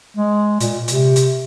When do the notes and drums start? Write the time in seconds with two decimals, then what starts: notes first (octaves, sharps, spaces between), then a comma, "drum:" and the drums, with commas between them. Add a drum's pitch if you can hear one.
0.17 G#3
0.60 A#2, drum: hi-hat
0.88 C3, drum: hi-hat
1.16 drum: hi-hat